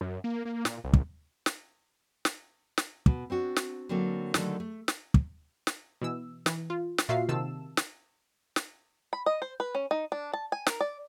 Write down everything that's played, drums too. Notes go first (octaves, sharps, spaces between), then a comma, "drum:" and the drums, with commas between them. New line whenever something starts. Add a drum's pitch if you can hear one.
F#2
A#3
A#3
A#2, drum: snare
C2
drum: kick
drum: snare
drum: snare
drum: snare
B2, drum: kick
C4 D4 F#4
drum: snare
D3 F#3 A#3 C4 A4
D3 D#3 F#3 G#3 A3 A4, drum: snare
A3
drum: snare
drum: kick
drum: snare
B2 E3 E6
E3, drum: snare
F4
drum: snare
A#2 F4 F#4 E5 F5 C7
C3 D#3 A5 E6 E7
drum: snare
drum: snare
B5
D#5
C5
B4
C#4
D#4
D4
A5
G#5
A#4, drum: snare
D5